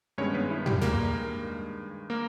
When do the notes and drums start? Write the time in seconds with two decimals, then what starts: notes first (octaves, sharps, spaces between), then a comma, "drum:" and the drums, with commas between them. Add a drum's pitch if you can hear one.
0.18 G2 D#3 G#3 B3 C#4 C#5
0.34 B3 B4
0.50 E4
0.66 G3 G4, drum: tom
0.82 A#3 A#4, drum: snare
2.10 A#3 A#4